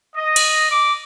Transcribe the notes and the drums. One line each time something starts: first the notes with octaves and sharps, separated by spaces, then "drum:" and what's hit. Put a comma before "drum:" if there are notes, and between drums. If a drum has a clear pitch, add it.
D#5
drum: cymbal
D6